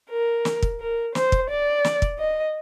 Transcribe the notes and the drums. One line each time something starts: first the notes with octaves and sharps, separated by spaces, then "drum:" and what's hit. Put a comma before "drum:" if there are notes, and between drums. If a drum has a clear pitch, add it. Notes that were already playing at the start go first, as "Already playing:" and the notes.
A#4
drum: snare
drum: kick
A#4
C5, drum: snare
drum: kick
D5
drum: snare
drum: kick
D#5